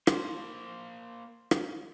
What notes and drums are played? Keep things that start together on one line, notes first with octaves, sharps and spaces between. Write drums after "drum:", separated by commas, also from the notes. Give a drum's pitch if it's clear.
A#3 C5, drum: rim click
drum: rim click